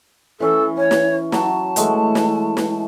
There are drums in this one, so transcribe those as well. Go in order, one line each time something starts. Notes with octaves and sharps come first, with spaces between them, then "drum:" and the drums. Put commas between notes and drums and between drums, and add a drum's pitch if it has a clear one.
E3 C#4 A4
C#4 C#5
drum: snare
F#3 A5, drum: snare
E3 G#3 A3, drum: hi-hat
drum: snare
drum: snare